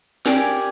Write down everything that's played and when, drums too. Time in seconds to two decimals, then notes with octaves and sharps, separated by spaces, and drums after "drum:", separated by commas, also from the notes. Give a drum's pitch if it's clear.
0.26 G4 A#4 D5 G#5, drum: snare